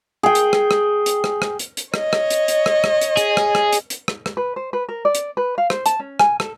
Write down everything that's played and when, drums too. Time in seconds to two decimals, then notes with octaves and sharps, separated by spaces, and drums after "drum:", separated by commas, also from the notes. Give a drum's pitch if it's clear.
0.23 G#4 G5
0.35 drum: hi-hat
0.53 drum: rim click
0.71 drum: rim click
1.06 drum: hi-hat
1.24 drum: rim click
1.42 drum: rim click
1.59 drum: hi-hat
1.77 drum: hi-hat
1.94 C#5 D#5, drum: rim click
2.13 drum: rim click
2.30 drum: hi-hat
2.48 drum: hi-hat
2.66 drum: rim click
2.84 drum: rim click
3.02 drum: hi-hat
3.17 G#4, drum: hi-hat
3.37 drum: rim click
3.55 drum: rim click
3.73 drum: hi-hat
3.90 drum: hi-hat
4.08 drum: rim click
4.26 drum: rim click
4.37 B4
4.56 C5
4.73 B4
4.89 A#4
5.05 D5
5.15 drum: hi-hat
5.37 B4
5.58 F5
5.70 C5, drum: rim click
5.86 A5, drum: hi-hat
6.00 C#4
6.19 G#5, drum: rim click
6.40 A4, drum: rim click